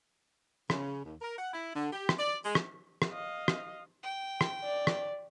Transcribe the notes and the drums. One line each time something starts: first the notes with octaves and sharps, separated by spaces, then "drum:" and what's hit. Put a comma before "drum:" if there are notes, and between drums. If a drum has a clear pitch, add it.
C#3, drum: rim click
D#2
A#4
F#5
E4
D3
G4
drum: rim click
D5
G#3
drum: rim click
drum: rim click
D#5 F5
drum: rim click
G5
drum: rim click
D5
drum: rim click